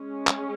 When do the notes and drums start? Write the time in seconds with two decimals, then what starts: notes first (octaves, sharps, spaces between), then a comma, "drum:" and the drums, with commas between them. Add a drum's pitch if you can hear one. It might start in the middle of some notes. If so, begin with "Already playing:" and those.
Already playing: G#3 C#4
0.27 drum: clap